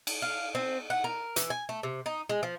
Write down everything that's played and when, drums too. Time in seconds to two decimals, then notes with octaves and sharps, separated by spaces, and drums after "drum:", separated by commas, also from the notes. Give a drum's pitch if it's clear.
0.07 drum: cymbal
0.22 F5
0.55 C4
0.90 F#5
1.04 A#4
1.36 E3, drum: hi-hat
1.50 G#5
1.69 A3
1.83 C3
2.06 D#4
2.29 G#3
2.43 F3